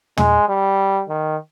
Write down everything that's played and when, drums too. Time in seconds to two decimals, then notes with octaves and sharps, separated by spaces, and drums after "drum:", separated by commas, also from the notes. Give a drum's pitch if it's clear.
0.17 G#3, drum: tom
0.49 G3
1.09 D#3